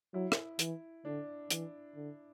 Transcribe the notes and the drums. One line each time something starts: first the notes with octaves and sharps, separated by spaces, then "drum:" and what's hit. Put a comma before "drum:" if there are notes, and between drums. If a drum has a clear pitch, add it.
F#3 E4
drum: rim click
E3, drum: hi-hat
D3 D4
E3, drum: hi-hat
D3